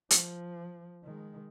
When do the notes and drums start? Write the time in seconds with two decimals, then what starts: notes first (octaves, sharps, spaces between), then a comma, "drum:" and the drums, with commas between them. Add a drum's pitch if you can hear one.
0.11 F3, drum: hi-hat
1.04 D#3 G#3